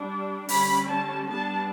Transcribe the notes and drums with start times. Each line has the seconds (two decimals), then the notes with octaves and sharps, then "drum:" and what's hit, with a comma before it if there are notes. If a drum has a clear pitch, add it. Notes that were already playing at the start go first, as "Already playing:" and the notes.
Already playing: G3 D4
0.49 D3 G3 C#4 B5, drum: open hi-hat
0.89 A5
1.28 G3 B3 D4 A5